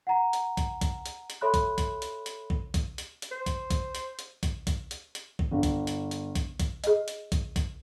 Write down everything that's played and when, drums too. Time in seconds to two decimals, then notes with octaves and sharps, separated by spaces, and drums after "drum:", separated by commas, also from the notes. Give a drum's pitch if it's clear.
0.07 F#5 A#5
0.33 drum: hi-hat
0.57 drum: kick B1, hi-hat
0.81 drum: kick B1, hi-hat
1.06 drum: hi-hat
1.30 drum: hi-hat
1.41 A4 C#5 E5 B5 C6 F#6
1.54 drum: kick B1, hi-hat
1.78 drum: kick B1, hi-hat
2.02 drum: hi-hat
2.26 drum: hi-hat
2.50 drum: kick B1
2.74 drum: kick B1, hi-hat
2.98 drum: hi-hat
3.22 drum: hi-hat
3.31 C5
3.46 drum: kick B1, hi-hat
3.70 drum: kick B1, hi-hat
3.95 drum: hi-hat
4.19 drum: hi-hat
4.43 drum: kick B1, hi-hat
4.67 drum: kick B1, hi-hat
4.91 drum: hi-hat
5.15 drum: hi-hat
5.39 drum: kick B1
5.51 G1
5.63 drum: kick B1, hi-hat
5.87 drum: hi-hat
6.11 drum: hi-hat
6.35 drum: kick B1, hi-hat
6.60 drum: kick B1, hi-hat
6.84 G#4 D#5, drum: hi-hat
7.08 drum: hi-hat
7.32 drum: kick B1, hi-hat
7.56 drum: kick B1, hi-hat